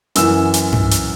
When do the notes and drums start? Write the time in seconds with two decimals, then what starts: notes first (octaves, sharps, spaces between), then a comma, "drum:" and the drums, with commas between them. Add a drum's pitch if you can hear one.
0.15 F#2 E3 E6, drum: hi-hat
0.54 drum: hi-hat
0.72 drum: tom G2
0.91 drum: hi-hat